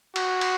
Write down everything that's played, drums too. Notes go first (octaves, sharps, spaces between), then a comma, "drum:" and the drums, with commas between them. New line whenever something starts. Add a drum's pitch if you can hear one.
F#4, drum: cymbal
drum: cymbal